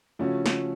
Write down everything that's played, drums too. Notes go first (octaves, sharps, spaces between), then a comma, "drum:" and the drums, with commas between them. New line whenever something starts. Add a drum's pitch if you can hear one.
C#3 F3 A3 C#4 F#4
drum: snare